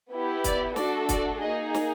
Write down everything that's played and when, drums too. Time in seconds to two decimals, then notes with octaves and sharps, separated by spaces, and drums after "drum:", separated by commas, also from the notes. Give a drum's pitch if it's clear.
0.11 B3 E4 G4
0.44 D5, drum: kick, hi-hat
0.76 A3 D4 F#4 A4 D5, drum: snare
1.09 D5, drum: kick, hi-hat
1.42 A#3 D#4 G#4 D#5
1.74 drum: snare